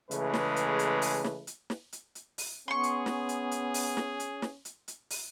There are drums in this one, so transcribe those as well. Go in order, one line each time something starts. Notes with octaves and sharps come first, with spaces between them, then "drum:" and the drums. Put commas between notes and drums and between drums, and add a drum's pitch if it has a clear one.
C#3 E3 G#3 A3 B4, drum: hi-hat
drum: snare
drum: hi-hat
drum: hi-hat
drum: open hi-hat
drum: snare
drum: hi-hat
drum: snare
drum: hi-hat
drum: hi-hat
drum: open hi-hat
B3 C#4 G#4 C6 C#6
drum: hi-hat
drum: snare
drum: hi-hat
drum: hi-hat
drum: open hi-hat
drum: snare
drum: hi-hat
drum: snare
drum: hi-hat
drum: hi-hat
drum: open hi-hat